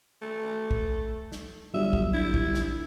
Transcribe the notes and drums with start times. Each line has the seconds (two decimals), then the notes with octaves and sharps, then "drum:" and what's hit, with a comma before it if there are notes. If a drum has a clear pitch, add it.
0.22 A3
0.71 drum: kick
1.32 drum: snare
1.74 G1 F#3 G3 E5
1.93 drum: kick
2.13 G1 E4
2.34 drum: kick
2.54 drum: snare